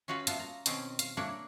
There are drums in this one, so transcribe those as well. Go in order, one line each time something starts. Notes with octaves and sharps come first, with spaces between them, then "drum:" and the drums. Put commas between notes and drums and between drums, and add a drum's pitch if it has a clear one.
C#4 F4 F#4 G#4 B4
A#2 B3 F4 E5 F5 A5, drum: hi-hat
A#5
B2 D#3 C4 C#4 G#4, drum: hi-hat
F5, drum: hi-hat
A#3 D4 E4 C#5